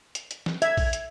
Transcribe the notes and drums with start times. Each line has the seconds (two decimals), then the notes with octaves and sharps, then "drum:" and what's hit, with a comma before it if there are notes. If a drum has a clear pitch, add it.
0.15 drum: hi-hat
0.31 drum: hi-hat
0.46 drum: snare
0.62 E5 G#6, drum: hi-hat
0.77 drum: kick A#1, open hi-hat
0.93 drum: hi-hat